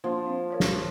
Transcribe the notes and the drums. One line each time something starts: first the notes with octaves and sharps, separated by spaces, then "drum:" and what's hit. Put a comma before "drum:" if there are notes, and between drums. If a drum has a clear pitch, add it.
F3 A#3 D4
C4
A#4 C#5 F5
drum: snare